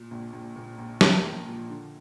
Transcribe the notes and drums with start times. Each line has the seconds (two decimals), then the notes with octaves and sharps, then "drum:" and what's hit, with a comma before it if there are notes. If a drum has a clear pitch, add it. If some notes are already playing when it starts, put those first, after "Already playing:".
Already playing: A#2
0.11 A#1
0.33 A#1
0.56 A#2
0.78 A#1
1.01 A#3, drum: snare
1.24 F3
1.46 A#2
1.69 D3